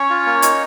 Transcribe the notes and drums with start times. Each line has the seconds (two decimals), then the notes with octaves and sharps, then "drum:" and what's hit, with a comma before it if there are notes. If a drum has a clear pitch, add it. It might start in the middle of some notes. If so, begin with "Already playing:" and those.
Already playing: C#4 C#5
0.10 F4
0.26 A#3
0.42 D#4, drum: hi-hat